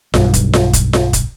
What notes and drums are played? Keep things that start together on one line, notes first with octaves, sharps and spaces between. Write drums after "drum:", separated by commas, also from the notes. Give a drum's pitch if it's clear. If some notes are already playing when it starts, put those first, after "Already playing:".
B1 G2, drum: snare F4
drum: kick, hi-hat
drum: snare F4
drum: kick, hi-hat
drum: snare F4
drum: kick, hi-hat